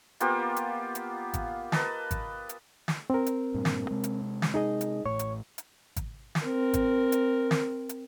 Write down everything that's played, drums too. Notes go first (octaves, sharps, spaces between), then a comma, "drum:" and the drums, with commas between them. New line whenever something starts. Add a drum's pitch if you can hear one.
A#3 B3 F4 G4, drum: hi-hat
drum: hi-hat
drum: hi-hat
drum: kick G#1, hi-hat
A#4 B4 D#5 A5, drum: snare
drum: kick G#1, hi-hat
drum: hi-hat
drum: snare
C4 A#4
drum: hi-hat
G2 A#2
drum: snare
C3 G#3
drum: hi-hat
drum: snare
D#4 G#4 D#5
drum: hi-hat
A1 A2 C#5 C#6
drum: hi-hat
drum: hi-hat
drum: kick G#1, hi-hat
drum: snare
C4 A#4
drum: kick G#1, hi-hat
drum: hi-hat
drum: snare
drum: hi-hat